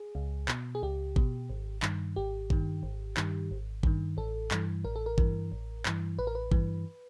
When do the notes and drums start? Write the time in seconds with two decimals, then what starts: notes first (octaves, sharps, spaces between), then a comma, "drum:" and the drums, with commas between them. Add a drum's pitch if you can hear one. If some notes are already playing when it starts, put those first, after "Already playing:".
Already playing: G#4
0.15 C#2
0.48 B2, drum: clap
0.75 G#4
0.83 C#2 G4
1.16 B2, drum: kick G#1
1.49 G#1
1.82 G2 D#3, drum: clap
2.16 G#1 G4
2.50 G2 D#3, drum: kick G#1
2.83 G#1
3.17 G2 D#3, drum: clap
3.51 G#1
3.83 G2 D#3, drum: kick G#1
4.17 A1 A4
4.51 G2 E3, drum: clap
4.84 A1 A#4
4.96 A4
5.06 A#4
5.18 G2 E3, drum: kick G#1
5.52 A1
5.86 G2 E3, drum: clap
6.19 A1 B4
6.27 A#4
6.35 B4
6.52 G2 E3, drum: kick G#1